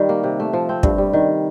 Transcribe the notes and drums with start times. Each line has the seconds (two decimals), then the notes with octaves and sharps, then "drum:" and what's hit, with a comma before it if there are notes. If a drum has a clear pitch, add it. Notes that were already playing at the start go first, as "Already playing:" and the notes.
Already playing: D#3 G3
0.09 A#3
0.23 C3
0.40 A3
0.53 F3
0.69 C4
0.83 G2, drum: kick
0.98 G3
1.13 D#3